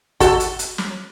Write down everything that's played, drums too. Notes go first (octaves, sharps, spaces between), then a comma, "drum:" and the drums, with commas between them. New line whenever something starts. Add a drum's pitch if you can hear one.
F#4 A4, drum: kick, hi-hat
drum: hi-hat
drum: hi-hat
drum: snare